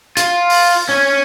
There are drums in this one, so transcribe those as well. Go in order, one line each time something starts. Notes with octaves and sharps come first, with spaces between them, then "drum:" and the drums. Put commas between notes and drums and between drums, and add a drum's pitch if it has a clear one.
F4, drum: hi-hat
drum: open hi-hat
C#4 C#5